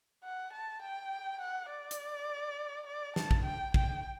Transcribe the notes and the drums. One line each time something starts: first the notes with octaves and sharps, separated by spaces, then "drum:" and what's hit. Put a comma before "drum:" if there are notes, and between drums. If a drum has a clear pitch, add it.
F#5
A5
G5
F#5
D5
drum: hi-hat
D5
A5, drum: snare
drum: kick
G5
G5, drum: kick